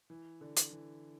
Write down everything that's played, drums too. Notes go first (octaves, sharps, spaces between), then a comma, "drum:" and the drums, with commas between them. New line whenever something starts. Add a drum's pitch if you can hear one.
E3
D3
drum: hi-hat
E3